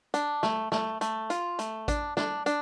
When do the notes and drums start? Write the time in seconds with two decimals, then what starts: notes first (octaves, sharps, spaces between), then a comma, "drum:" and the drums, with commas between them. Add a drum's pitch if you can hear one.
0.14 D4, drum: hi-hat
0.43 A3, drum: snare
0.72 A3, drum: snare
1.01 A3, drum: hi-hat
1.30 F4, drum: hi-hat
1.59 A3, drum: hi-hat
1.88 D4, drum: kick A1, hi-hat
2.17 D4, drum: snare
2.46 D4, drum: hi-hat